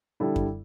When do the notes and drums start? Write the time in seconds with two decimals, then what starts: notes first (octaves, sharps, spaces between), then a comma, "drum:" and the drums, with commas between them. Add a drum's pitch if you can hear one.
0.20 D3 G3 E4 A4
0.36 drum: kick F#2